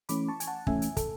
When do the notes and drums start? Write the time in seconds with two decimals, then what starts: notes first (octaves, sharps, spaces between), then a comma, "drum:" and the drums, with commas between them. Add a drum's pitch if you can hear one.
0.09 E3 A3 C#4 B5 D6, drum: hi-hat
0.28 A5 C#6
0.40 G#5, drum: hi-hat
0.47 F#5 A5
0.67 E3 A3 C#4 E5 G#5, drum: kick
0.82 drum: hi-hat
0.97 A4, drum: kick, hi-hat